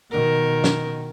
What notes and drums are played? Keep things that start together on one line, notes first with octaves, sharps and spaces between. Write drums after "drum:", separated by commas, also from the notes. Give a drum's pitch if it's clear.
B2 D#3 A#4
drum: snare